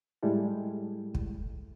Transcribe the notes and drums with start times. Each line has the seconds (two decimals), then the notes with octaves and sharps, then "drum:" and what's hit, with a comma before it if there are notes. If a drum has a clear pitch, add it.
0.23 A2 G3 G#3 E4 A4
1.15 drum: kick